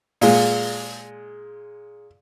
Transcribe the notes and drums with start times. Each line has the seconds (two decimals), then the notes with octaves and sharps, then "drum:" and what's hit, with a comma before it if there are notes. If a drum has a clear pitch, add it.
0.21 A#2 G#3, drum: open hi-hat